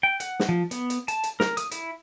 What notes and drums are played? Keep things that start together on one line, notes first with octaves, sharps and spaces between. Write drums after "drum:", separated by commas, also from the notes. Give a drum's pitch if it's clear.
G5
F#5, drum: hi-hat
drum: snare
F3
B3, drum: hi-hat
drum: hi-hat
A5, drum: hi-hat
drum: hi-hat
A#4, drum: snare
D#6, drum: hi-hat
E4, drum: hi-hat